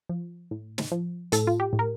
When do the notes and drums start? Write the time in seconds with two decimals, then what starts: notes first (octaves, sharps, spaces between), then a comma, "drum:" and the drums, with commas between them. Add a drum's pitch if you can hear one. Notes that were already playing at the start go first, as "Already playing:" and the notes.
0.09 F3
0.51 A2
0.78 drum: snare
0.92 F3
1.32 A2 A4, drum: hi-hat
1.47 F4
1.60 G4
1.73 A2
1.79 A#4